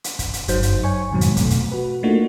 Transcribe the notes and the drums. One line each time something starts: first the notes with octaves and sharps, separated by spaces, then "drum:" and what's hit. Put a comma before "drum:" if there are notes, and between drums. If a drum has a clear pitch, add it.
drum: hi-hat
drum: kick, hi-hat
drum: hi-hat
G1 F#2 F#3 D#4 C5 G6, drum: hi-hat
drum: hi-hat
C#5 G#5 C#6
F2 G#2 B2 D#3 F#3 C4
drum: hi-hat
B2 A3, drum: kick, hi-hat
drum: hi-hat
F#4 B4
A3 A#3 D4 D#4 F4 F#4